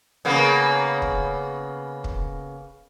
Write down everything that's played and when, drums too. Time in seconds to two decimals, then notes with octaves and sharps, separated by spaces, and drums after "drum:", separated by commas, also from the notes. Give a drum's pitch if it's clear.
0.25 C#3 A#3 B3
1.02 drum: kick
2.04 drum: kick